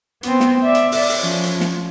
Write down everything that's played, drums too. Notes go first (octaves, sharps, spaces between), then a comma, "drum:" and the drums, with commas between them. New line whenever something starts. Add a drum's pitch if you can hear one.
B3 C4, drum: hi-hat
drum: snare
D5 E5
drum: hi-hat
drum: open hi-hat
drum: open hi-hat
F3 C#4
drum: hi-hat
drum: snare